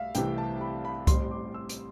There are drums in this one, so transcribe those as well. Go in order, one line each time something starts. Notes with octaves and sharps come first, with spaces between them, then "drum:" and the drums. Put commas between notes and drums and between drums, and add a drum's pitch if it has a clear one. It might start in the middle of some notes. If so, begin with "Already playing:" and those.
Already playing: C2 A3 E5 F5
C2 C3 E3 A3 G5, drum: hi-hat
A5
B5
B5
A1 A2 G3 C4 C6, drum: kick C2, hi-hat
D6
E6
drum: hi-hat